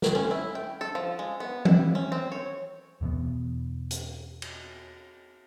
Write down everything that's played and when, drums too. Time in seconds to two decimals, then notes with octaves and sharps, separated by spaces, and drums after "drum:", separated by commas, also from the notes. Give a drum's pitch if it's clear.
0.02 drum: snare
0.15 C#4
0.31 E4
0.55 G5
0.81 A4
0.95 F3
1.19 G#3
1.40 B3
1.65 E4, drum: tom E3
1.95 C#4
2.12 C4
2.32 C#5
3.01 E2 B2 E3 B3
3.91 drum: hi-hat
4.42 drum: cymbal